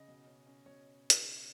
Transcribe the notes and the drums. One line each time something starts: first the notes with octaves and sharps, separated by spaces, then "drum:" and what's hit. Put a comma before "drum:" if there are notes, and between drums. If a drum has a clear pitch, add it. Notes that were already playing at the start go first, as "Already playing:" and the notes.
Already playing: C#3 D#5
B2
C#4
C#4
B2 C#5
drum: hi-hat